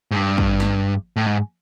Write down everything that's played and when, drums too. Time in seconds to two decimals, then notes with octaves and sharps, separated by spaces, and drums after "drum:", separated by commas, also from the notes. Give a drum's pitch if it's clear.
0.11 G#2
0.16 G2
0.38 drum: kick
0.60 drum: snare
1.16 A2
1.26 G#2